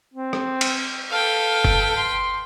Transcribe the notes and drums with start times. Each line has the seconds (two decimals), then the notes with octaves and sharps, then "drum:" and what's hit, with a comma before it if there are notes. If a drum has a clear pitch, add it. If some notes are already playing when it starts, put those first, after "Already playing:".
0.14 C4
0.33 drum: rim click
0.61 drum: cymbal
1.11 A4 B4 F5 G5
1.65 drum: kick F1
1.97 C6